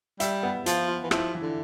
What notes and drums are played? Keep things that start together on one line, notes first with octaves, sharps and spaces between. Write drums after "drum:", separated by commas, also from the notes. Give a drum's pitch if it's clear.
G3 E5, drum: hi-hat
B3
F3 F4, drum: hi-hat
F4
E3
F3 E4, drum: rim click
E3
D3